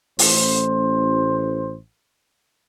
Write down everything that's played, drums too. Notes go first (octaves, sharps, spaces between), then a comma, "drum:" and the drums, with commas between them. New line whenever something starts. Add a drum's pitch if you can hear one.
A1 C5, drum: open hi-hat